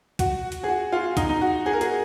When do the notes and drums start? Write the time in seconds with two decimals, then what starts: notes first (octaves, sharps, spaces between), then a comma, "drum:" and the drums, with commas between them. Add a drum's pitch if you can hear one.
0.19 F#4, drum: kick, hi-hat
0.52 drum: hi-hat
0.63 G#4
0.69 F#4
0.92 F4
1.17 D#4, drum: kick, hi-hat
1.29 D#4
1.41 F#4
1.66 G#4
1.73 A#4
1.81 G#4, drum: hi-hat